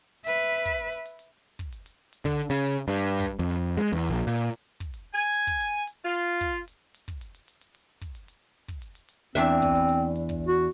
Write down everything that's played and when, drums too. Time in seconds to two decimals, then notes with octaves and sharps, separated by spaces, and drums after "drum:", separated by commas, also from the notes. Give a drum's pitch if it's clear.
0.24 B4 E5, drum: hi-hat
0.65 drum: kick, hi-hat
0.79 drum: hi-hat
0.92 drum: hi-hat
1.06 drum: hi-hat
1.19 drum: hi-hat
1.59 drum: kick, hi-hat
1.72 drum: hi-hat
1.86 drum: hi-hat
2.13 drum: hi-hat
2.25 D3, drum: kick, hi-hat
2.39 drum: hi-hat
2.50 C#3, drum: hi-hat
2.66 drum: hi-hat
2.88 G2
3.20 drum: kick, hi-hat
3.39 F2
3.77 G#3
3.93 E2
4.10 A#1
4.27 A#2, drum: hi-hat
4.40 drum: hi-hat
4.53 drum: open hi-hat
4.80 drum: kick, hi-hat
4.94 drum: hi-hat
5.13 G#5
5.34 drum: hi-hat
5.47 drum: kick, hi-hat
5.61 drum: hi-hat
5.87 drum: hi-hat
6.04 F4
6.14 drum: open hi-hat
6.41 drum: kick, hi-hat
6.68 drum: hi-hat
6.94 drum: hi-hat
7.08 drum: kick, hi-hat
7.21 drum: hi-hat
7.35 drum: hi-hat
7.48 drum: hi-hat
7.61 drum: hi-hat
7.75 drum: open hi-hat
8.01 drum: kick, hi-hat
8.15 drum: hi-hat
8.28 drum: hi-hat
8.68 drum: kick, hi-hat
8.82 drum: hi-hat
8.95 drum: hi-hat
9.09 drum: hi-hat
9.35 E2 C4 D4 E5, drum: open hi-hat
9.62 drum: kick, hi-hat
9.75 drum: hi-hat
9.89 drum: hi-hat
10.16 drum: hi-hat
10.29 drum: kick, hi-hat
10.47 F#4